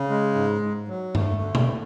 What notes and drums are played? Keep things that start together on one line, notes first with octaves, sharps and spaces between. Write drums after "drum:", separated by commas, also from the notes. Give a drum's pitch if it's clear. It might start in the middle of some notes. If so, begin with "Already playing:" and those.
Already playing: C#3
G#3
G#2
G#2
F#3
A3, drum: tom G2
D3
drum: tom B2